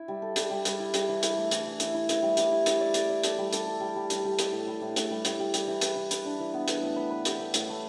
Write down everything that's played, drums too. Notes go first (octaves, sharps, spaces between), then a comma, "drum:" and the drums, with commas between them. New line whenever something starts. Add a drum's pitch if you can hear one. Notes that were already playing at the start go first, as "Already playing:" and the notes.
Already playing: E4
G3
A4
G3, drum: hi-hat
G3
G3, drum: hi-hat
E4
G3, drum: hi-hat
E3
E4, drum: hi-hat
A3
E3, drum: hi-hat
E3
E3, drum: hi-hat
E4
E3, drum: hi-hat
G3
G3, drum: hi-hat
E4
E4, drum: hi-hat
D5
D5, drum: hi-hat
D5
A4, drum: hi-hat
G3
A4, drum: hi-hat
A4
G3
G3
G3, drum: hi-hat
G3
A4, drum: hi-hat
A2
G3
A2
A2, drum: hi-hat
G3
A2, drum: hi-hat
G3
G3, drum: hi-hat
E3
B4, drum: hi-hat
E3
B4, drum: hi-hat
D4
E3
B3
B4, drum: hi-hat
A2
B4
B4
G4, drum: hi-hat
A3
A2, drum: hi-hat
A3